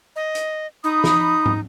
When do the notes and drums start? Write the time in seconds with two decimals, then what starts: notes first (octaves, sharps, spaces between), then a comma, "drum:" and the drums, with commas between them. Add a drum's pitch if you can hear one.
0.16 D#5
0.35 drum: hi-hat
0.84 D#4 B5 D#6
1.04 drum: snare
1.46 drum: tom